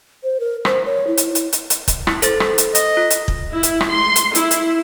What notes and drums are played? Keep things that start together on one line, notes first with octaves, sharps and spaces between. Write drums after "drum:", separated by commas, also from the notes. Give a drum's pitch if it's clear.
C5
A#4
C5, drum: rim click
C#5
E4
drum: hi-hat
drum: hi-hat
drum: hi-hat
drum: hi-hat
drum: kick, hi-hat
E4, drum: rim click
A4 C5 A6, drum: hi-hat
drum: rim click
drum: hi-hat
D#5, drum: hi-hat
F4
drum: hi-hat
drum: kick
E4
drum: hi-hat
drum: rim click
C6
drum: hi-hat
E4, drum: hi-hat
drum: hi-hat